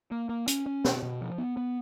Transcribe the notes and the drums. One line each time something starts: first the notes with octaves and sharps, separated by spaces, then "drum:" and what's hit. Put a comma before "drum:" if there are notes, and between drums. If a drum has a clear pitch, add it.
A#3
A#3
C#4, drum: hi-hat
C#4
B2, drum: snare
B2
F3
B3
B3